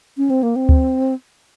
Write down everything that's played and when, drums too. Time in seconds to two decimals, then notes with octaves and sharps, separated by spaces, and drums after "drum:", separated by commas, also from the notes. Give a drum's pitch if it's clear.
0.17 C#4
0.30 C4
0.43 A#3
0.56 C4
0.69 drum: kick D2